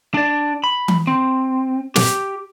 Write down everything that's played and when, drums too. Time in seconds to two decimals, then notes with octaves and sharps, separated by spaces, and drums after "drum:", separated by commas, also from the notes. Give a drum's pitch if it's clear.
0.14 D4 D5
0.64 B5
0.88 drum: tom E3
1.07 C4
1.96 G4, drum: snare